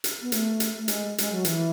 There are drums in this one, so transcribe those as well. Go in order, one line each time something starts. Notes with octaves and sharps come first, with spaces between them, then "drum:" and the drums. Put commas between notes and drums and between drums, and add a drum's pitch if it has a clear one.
drum: hi-hat
B3
A3, drum: hi-hat
drum: hi-hat
A3
G#3, drum: hi-hat
G#3, drum: hi-hat
F#3
E3, drum: hi-hat